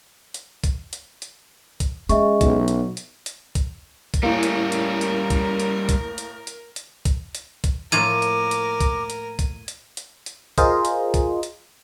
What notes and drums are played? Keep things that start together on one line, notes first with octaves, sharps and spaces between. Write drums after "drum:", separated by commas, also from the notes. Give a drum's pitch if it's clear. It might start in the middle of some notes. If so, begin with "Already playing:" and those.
drum: hi-hat
drum: kick B1, hi-hat
drum: hi-hat
drum: hi-hat
drum: kick B1, hi-hat
G#3 C#4 E5 C#6, drum: hi-hat
B1, drum: kick B1, hi-hat
drum: hi-hat
drum: hi-hat
drum: hi-hat
drum: kick B1, hi-hat
drum: kick B1, hi-hat
A2 G3 A#3 C#4 A#4
drum: hi-hat
drum: hi-hat
drum: hi-hat
drum: kick B1, hi-hat
drum: hi-hat
drum: kick B1, hi-hat
drum: hi-hat
drum: hi-hat
drum: hi-hat
drum: kick B1, hi-hat
drum: hi-hat
drum: kick B1, hi-hat
A2 F3 A#3 A#4 D6 G#6 D#7, drum: hi-hat
drum: hi-hat
drum: hi-hat
drum: kick B1, hi-hat
drum: hi-hat
drum: kick B1, hi-hat
drum: hi-hat
drum: hi-hat
drum: hi-hat
F4 G#4 A#4 C5 D#5, drum: kick B1, hi-hat
drum: hi-hat
drum: kick B1, hi-hat
drum: hi-hat